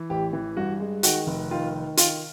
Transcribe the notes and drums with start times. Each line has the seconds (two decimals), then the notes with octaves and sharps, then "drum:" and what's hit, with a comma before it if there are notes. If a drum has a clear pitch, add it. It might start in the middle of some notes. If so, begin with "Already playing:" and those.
Already playing: E3
0.10 A1 G4
0.33 E3
0.57 G2 F#4
0.80 G#3
1.03 D#3 F#4, drum: hi-hat
1.27 F1
1.51 D#3 F4
1.74 D#3
1.97 D#3 F4, drum: hi-hat